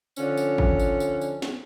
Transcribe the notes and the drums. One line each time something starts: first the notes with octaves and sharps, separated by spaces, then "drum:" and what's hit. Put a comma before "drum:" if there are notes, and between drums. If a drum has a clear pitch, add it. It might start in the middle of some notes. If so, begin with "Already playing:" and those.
D3 F3 C#4, drum: tambourine
drum: tambourine
drum: kick
drum: tambourine
drum: tambourine
drum: tambourine
drum: snare